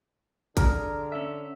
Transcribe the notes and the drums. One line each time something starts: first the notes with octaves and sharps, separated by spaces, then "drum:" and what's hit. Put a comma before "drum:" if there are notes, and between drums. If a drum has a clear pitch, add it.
D3 G#4 A#4, drum: kick, hi-hat
C#4 E5